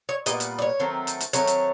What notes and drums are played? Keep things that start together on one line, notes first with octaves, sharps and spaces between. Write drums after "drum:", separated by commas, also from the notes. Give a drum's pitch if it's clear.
C#5
A#2 G3 B3 D#5, drum: hi-hat
drum: hi-hat
D5
C#5
D#3 F#3 A3 C4
drum: hi-hat
drum: hi-hat
D#3 F#3 A3 C4 C#5, drum: hi-hat
drum: hi-hat